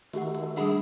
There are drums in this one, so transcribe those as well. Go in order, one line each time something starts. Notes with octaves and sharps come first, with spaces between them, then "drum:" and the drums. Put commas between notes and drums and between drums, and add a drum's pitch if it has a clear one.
D#3 A3 F#4 G4 F#5, drum: open hi-hat
drum: hi-hat
G3 D4 G#4 F#5 B5